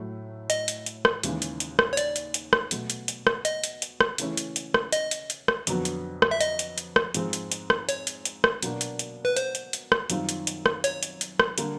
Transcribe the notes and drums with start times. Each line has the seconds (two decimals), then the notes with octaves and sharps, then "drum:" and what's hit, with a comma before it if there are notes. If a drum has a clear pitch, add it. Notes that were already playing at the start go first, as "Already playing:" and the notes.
Already playing: A2 F#3 A3
0.50 D#5, drum: hi-hat
0.68 drum: hi-hat
0.86 drum: hi-hat
1.05 drum: rim click
1.23 D#2 C#3 E3 G#3, drum: hi-hat
1.42 drum: hi-hat
1.60 drum: hi-hat
1.79 drum: rim click
1.93 C#5
1.97 D5, drum: hi-hat
2.16 drum: hi-hat
2.34 drum: hi-hat
2.53 drum: rim click
2.71 B2 F#3 A3, drum: hi-hat
2.90 drum: hi-hat
3.08 drum: hi-hat
3.27 drum: rim click
3.45 D#5, drum: hi-hat
3.64 drum: hi-hat
3.82 drum: hi-hat
4.00 drum: rim click
4.18 C#3 E3 A3 C#4 E4, drum: hi-hat
4.37 drum: hi-hat
4.56 drum: hi-hat
4.74 drum: rim click
4.92 D#5, drum: hi-hat
5.11 drum: hi-hat
5.30 drum: hi-hat
5.48 drum: rim click
5.67 F2 D3 F#3 B3, drum: hi-hat
5.85 drum: hi-hat
6.22 drum: rim click
6.31 E5
6.41 D#5, drum: hi-hat
6.59 drum: hi-hat
6.78 drum: hi-hat
6.96 drum: rim click
7.14 G#2 F3 G#3 C4, drum: hi-hat
7.33 drum: hi-hat
7.52 drum: hi-hat
7.70 drum: rim click
7.89 C#5, drum: hi-hat
8.07 drum: hi-hat
8.25 drum: hi-hat
8.44 drum: rim click
8.62 B2 F#3 A#3 D4 F#4, drum: hi-hat
8.81 drum: hi-hat
8.99 drum: hi-hat
9.25 B4
9.36 C5, drum: hi-hat
9.55 drum: hi-hat
9.73 drum: hi-hat
9.92 drum: rim click
10.10 F#2 D#3 G3 C4 F4, drum: hi-hat
10.29 drum: hi-hat
10.47 drum: hi-hat
10.66 drum: rim click
10.84 C#5, drum: hi-hat
11.03 drum: hi-hat
11.21 drum: hi-hat
11.40 drum: rim click
11.58 D3 G3 A#3, drum: hi-hat